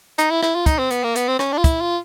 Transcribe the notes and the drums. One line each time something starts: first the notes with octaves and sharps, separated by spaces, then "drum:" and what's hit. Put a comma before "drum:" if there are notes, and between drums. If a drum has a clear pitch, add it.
D#4, drum: hi-hat
E4
E4, drum: rim click
F4
D#4, drum: kick, hi-hat
C4
B3, drum: hi-hat
A#3
B3, drum: hi-hat
C4
C#4, drum: rim click
D4
F4
E4, drum: kick, hi-hat
F4